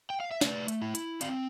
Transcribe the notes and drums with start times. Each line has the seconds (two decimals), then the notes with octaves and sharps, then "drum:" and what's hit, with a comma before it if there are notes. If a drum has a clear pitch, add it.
0.10 G5
0.20 F5
0.31 E5
0.41 A3 B4 D5, drum: snare
0.68 drum: hi-hat
0.82 E4
0.95 drum: hi-hat
1.21 C4 D5 F5, drum: hi-hat